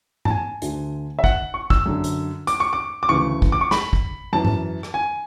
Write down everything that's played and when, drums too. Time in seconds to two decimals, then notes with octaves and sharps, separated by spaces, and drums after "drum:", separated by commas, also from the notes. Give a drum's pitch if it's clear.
0.25 A5, drum: tom G#2
0.30 G#5
0.62 D2 D3, drum: hi-hat
1.19 E5
1.24 F#5, drum: kick
1.54 C#6
1.70 E6, drum: kick
1.86 F#2 D3
2.04 drum: hi-hat
2.47 D6, drum: hi-hat
2.60 C#6
2.73 D6
3.03 D6
3.09 D2 C#3 E3 C#6
3.42 drum: kick
3.52 D6
3.61 C#6
3.71 B5, drum: snare
3.93 drum: kick
4.33 F#2 E3 A5
4.45 drum: tom G#2
4.83 drum: rim click
4.94 G#5